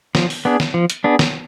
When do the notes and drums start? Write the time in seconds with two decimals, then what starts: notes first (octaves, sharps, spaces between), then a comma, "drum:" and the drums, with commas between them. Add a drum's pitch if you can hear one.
0.15 F3, drum: snare
0.30 drum: open hi-hat
0.45 B3 D4 G#4
0.60 drum: snare
0.74 F3
0.90 drum: hi-hat
1.04 B3 D4 G#4
1.19 drum: snare